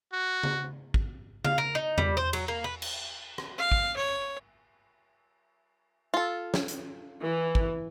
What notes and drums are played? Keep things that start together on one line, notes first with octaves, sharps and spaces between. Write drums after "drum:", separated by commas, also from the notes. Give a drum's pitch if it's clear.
F#4
drum: tom C#3
drum: kick
F5, drum: tom C#3
A#4
D#4
G3, drum: tom E2
C5
F#3, drum: cymbal
A#3
B4
drum: cymbal
drum: rim click
F5
drum: kick
C#5
F4 A4
drum: snare
drum: hi-hat
E3
drum: kick